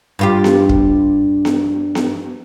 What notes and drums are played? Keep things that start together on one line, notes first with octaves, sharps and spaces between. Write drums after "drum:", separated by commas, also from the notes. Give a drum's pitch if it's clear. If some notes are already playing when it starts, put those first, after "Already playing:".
G2 F4 G4
drum: snare B3
drum: kick
drum: snare B3
drum: snare B3